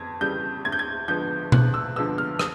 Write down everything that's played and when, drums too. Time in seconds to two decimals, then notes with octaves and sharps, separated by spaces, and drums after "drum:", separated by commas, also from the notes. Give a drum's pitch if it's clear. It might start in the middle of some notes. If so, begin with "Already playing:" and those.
Already playing: F2 E3 G#6
0.21 C#3 E3 G3 G6
0.65 D2 G#6
0.72 G6
0.79 G#6
1.08 D3 F3 G#3 B3 G6
1.52 D2 F#6, drum: tom B2
1.74 E6
1.96 D3 F3 G#3 B3 E6
2.18 F6
2.39 D#6, drum: rim click